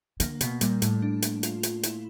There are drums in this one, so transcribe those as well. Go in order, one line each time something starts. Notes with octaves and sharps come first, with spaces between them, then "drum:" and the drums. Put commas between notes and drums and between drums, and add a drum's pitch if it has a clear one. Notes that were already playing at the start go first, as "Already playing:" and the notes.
D3 A#3, drum: hi-hat
B2, drum: hi-hat
A#2 G3, drum: hi-hat
A2, drum: hi-hat
D4
drum: hi-hat
F4, drum: hi-hat
drum: hi-hat
E4, drum: hi-hat